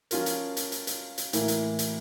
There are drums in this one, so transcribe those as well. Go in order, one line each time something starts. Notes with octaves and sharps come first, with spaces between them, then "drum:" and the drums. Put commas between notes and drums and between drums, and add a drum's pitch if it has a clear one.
F3 C#4 F4 A#4, drum: hi-hat
drum: hi-hat
drum: hi-hat
drum: hi-hat
drum: hi-hat
drum: hi-hat
A2 E3 A#3 E4 A#4, drum: hi-hat
drum: hi-hat
drum: hi-hat